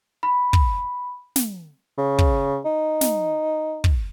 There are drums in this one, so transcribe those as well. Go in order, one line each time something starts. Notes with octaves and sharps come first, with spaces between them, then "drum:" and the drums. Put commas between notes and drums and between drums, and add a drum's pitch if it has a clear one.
B5
drum: kick
drum: snare
C#3
drum: kick
D#4
drum: snare
drum: kick